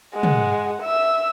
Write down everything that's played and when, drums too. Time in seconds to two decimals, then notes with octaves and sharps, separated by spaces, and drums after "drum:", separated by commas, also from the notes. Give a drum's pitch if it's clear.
0.14 G#3 F#5
0.23 drum: tom
0.82 E5 E6